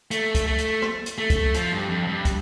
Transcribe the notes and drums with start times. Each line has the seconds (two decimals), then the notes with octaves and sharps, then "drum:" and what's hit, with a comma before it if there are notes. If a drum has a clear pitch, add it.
0.11 A3, drum: hi-hat
0.35 drum: kick, hi-hat
0.46 A3
0.59 drum: hi-hat
0.82 drum: rim click
1.06 drum: hi-hat
1.18 A3
1.30 drum: kick, hi-hat
1.54 F3, drum: hi-hat
1.72 G2
1.89 F2
2.07 G2
2.25 drum: kick, hi-hat